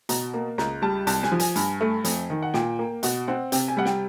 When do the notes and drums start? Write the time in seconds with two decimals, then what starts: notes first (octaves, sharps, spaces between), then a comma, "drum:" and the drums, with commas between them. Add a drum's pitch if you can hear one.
0.09 B2 A#5, drum: hi-hat
0.34 A#3
0.58 C#2 A#5, drum: snare
0.82 G3 A5
1.07 C2 A5, drum: hi-hat
1.23 G#5, drum: snare
1.32 F3
1.40 G#5, drum: hi-hat
1.56 G2, drum: hi-hat
1.81 A3
2.04 F2, drum: hi-hat
2.30 D#3
2.43 F#5
2.54 A#2 G5, drum: snare
2.79 A#3
3.03 B2 F#5, drum: hi-hat
3.28 C4 F#5
3.52 C3 G5, drum: hi-hat
3.68 G#5
3.77 G3 F#5
3.85 G5, drum: snare